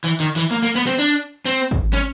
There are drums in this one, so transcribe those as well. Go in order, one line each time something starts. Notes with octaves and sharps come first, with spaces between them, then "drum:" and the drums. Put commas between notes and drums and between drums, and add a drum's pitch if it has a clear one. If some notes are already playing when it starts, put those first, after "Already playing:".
E3
D#3
E3
A#3
A#3
B3
C4
D4
C4
drum: kick
C#4